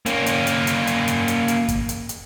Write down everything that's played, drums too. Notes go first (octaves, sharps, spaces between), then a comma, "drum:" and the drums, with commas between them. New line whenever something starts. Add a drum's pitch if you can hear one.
A#3 C#4, drum: hi-hat
drum: hi-hat
drum: hi-hat
drum: hi-hat
drum: hi-hat
drum: hi-hat
drum: hi-hat
drum: hi-hat
drum: kick, hi-hat
drum: hi-hat
drum: hi-hat